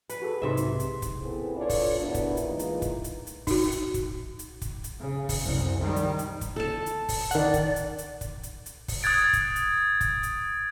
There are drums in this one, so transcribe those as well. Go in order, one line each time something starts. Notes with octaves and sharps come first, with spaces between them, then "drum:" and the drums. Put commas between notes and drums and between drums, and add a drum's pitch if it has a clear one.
B4, drum: hi-hat
F#4 G#4 A4
B1 G#2 C3 E5 C6
drum: hi-hat
drum: hi-hat
drum: kick, hi-hat
B3 C4 E4 G#4 A4 B4
D4 F4 A4 B4 C#5 D5
drum: kick, open hi-hat
D2 G2 B3 D4 E4 A#4
drum: kick, hi-hat
drum: hi-hat
E3 G#3 A#3 D#4 F4 B4
drum: hi-hat
drum: kick, hi-hat
drum: hi-hat
drum: hi-hat
D#4 F#4, drum: kick, open hi-hat
drum: hi-hat
drum: kick, hi-hat
drum: hi-hat
drum: kick, hi-hat
drum: hi-hat
C#3
drum: kick, open hi-hat
C2 F#2
D#3 G3
drum: hi-hat
drum: hi-hat
drum: kick, hi-hat
A4 A5
drum: hi-hat
drum: kick, open hi-hat
D#3 D5 F#5, drum: hi-hat
drum: kick, hi-hat
drum: hi-hat
drum: hi-hat
drum: kick, hi-hat
drum: hi-hat
drum: hi-hat
drum: kick, open hi-hat
D#6 F#6 G#6 A6 D7
drum: kick, hi-hat
drum: hi-hat
drum: kick, hi-hat
drum: hi-hat